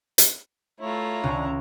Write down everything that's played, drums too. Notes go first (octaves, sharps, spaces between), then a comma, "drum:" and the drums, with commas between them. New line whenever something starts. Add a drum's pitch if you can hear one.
drum: hi-hat
A3 E4 F4 C#5 A#5
C#2 C#3 D4